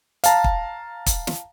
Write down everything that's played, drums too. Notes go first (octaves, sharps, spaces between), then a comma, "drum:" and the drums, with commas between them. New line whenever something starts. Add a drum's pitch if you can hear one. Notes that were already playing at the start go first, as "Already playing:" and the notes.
F5 A5 A#5, drum: hi-hat
drum: kick
drum: kick, hi-hat
drum: snare